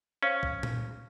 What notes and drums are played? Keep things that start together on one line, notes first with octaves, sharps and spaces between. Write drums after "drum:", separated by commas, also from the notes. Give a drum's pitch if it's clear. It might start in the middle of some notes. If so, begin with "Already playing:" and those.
C#4 C5 D5 F5
drum: kick
drum: tom A#2